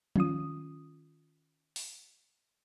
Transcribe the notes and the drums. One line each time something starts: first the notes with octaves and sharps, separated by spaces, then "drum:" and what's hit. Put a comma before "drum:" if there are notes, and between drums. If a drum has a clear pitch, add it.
D#3 C#4 F4 D#6, drum: tom F3
drum: open hi-hat